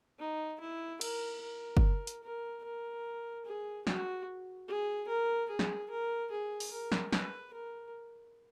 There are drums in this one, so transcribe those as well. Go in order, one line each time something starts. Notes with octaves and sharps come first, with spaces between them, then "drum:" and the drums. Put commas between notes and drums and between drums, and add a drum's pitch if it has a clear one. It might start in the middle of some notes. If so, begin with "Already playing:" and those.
D#4
E4
A#4, drum: cymbal
A#4
drum: kick F#1
drum: hi-hat
A#4
A#4
G#4
F#4, drum: snare
G#4
A#4
G#4
drum: snare
A#4
G#4
drum: open hi-hat
A#4
drum: snare
B4, drum: snare
A#4